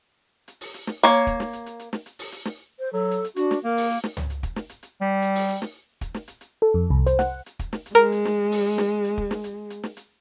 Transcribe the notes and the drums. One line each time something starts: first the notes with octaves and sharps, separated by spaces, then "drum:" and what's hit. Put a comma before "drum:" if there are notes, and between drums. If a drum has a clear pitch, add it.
drum: hi-hat
drum: open hi-hat
drum: hi-hat
drum: snare
A#3 C#5
drum: hi-hat
drum: kick, hi-hat
drum: snare
drum: hi-hat
drum: hi-hat
drum: hi-hat
drum: snare
drum: hi-hat
drum: open hi-hat
drum: hi-hat
drum: snare
C5
F#3 A4
drum: hi-hat
drum: hi-hat
D4 F#4, drum: hi-hat
drum: snare
A#3 A#4
drum: open hi-hat
drum: hi-hat
drum: snare
drum: tom C#2
drum: hi-hat
drum: kick, hi-hat
drum: snare
drum: hi-hat
drum: hi-hat
G3
drum: hi-hat
drum: open hi-hat
drum: hi-hat
drum: snare
drum: kick, hi-hat
drum: snare
drum: hi-hat
drum: hi-hat
A4
F2
C2
C5, drum: hi-hat
F#5, drum: snare
drum: hi-hat
drum: kick, hi-hat
drum: snare
drum: hi-hat
G#3 A#4
drum: hi-hat
drum: snare
drum: open hi-hat
drum: snare
drum: hi-hat
drum: kick
drum: snare
drum: hi-hat
drum: hi-hat
drum: snare
drum: hi-hat